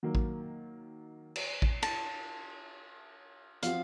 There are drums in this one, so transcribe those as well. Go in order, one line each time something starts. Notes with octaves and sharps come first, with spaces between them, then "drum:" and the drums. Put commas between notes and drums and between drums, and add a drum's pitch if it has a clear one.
D#3 F#3 A#3
drum: kick A1
drum: cymbal
drum: kick A1
A5, drum: cymbal
F3 C4 F#4 F5, drum: hi-hat